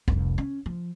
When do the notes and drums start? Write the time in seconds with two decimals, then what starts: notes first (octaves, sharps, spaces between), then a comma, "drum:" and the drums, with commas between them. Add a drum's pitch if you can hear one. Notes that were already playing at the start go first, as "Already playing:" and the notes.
0.08 F1 C2, drum: kick
0.38 C#4
0.66 F3